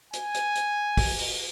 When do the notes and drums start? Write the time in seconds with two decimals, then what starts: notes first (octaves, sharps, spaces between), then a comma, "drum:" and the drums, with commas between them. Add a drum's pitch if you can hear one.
0.13 G#5, drum: hi-hat
0.34 drum: hi-hat
0.55 drum: hi-hat
0.97 drum: kick, open hi-hat
1.18 drum: open hi-hat